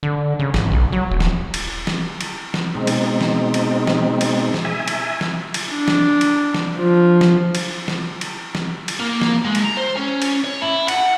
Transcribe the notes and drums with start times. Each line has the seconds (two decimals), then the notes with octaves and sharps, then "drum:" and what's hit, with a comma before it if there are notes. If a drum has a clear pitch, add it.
0.03 D3
0.39 C#3
0.54 G#1, drum: snare
0.72 B1
0.92 F#3
1.11 D#1
1.20 drum: snare
1.54 drum: cymbal
1.87 drum: snare
2.21 drum: cymbal
2.54 drum: snare
2.75 B2 G#3 C4 D#4
2.87 drum: cymbal
3.21 drum: snare
3.54 drum: cymbal
3.87 drum: snare
4.21 drum: cymbal
4.54 drum: snare
4.65 E5 G#5
4.88 drum: cymbal
5.21 drum: snare
5.54 drum: cymbal
5.70 D4
5.88 drum: snare
6.21 drum: cymbal
6.54 drum: snare
6.76 F3
7.21 drum: snare
7.55 drum: cymbal
7.88 drum: snare
8.21 drum: cymbal
8.55 drum: snare
8.88 drum: cymbal
9.00 A#3
9.21 drum: snare
9.44 G#3
9.55 drum: cymbal
9.65 A#5
9.77 C5
9.97 C#4
10.22 drum: cymbal
10.44 C#5
10.62 E4
10.88 F#5, drum: cymbal